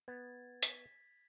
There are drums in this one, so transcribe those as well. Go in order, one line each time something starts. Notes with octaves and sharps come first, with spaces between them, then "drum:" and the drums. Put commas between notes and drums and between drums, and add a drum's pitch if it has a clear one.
B3 G#6 A6
B6, drum: hi-hat